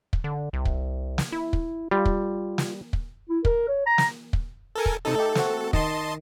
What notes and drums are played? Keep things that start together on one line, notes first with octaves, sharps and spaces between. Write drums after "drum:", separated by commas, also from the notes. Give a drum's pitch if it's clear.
drum: kick
D3
C2
drum: kick
drum: snare
E4
drum: kick
G3 F4
drum: kick
drum: snare
drum: kick
E4
A#4, drum: kick
C#5
A#5
drum: snare
drum: kick
A4 A#4 G#5
drum: kick
C3 D#4 A4
A3 D#4 G4 A4
A3 C4 F#4, drum: snare
D#3 D#5 A5 C6, drum: kick